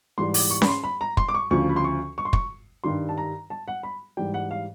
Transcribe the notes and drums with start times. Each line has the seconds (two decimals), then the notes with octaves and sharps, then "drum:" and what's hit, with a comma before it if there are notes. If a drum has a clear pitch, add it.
0.18 G#2 E3 G3 C6
0.34 D6, drum: open hi-hat
0.51 C#6
0.62 B5, drum: snare C#4
0.68 C6
0.84 B5
1.01 A#5
1.17 C6, drum: kick
1.29 D6
1.34 C#6
1.51 D2 C#3 F3 C#6
1.69 B5
1.76 C6
1.84 C#6
2.18 C#6
2.25 C6
2.33 C#6, drum: kick
2.84 G2 D#3 G3 C6
3.09 A5
3.18 A#5
3.50 A5
3.68 F#5
3.83 B5
4.17 G#2 E3 G3 G5
4.34 F#5
4.51 F5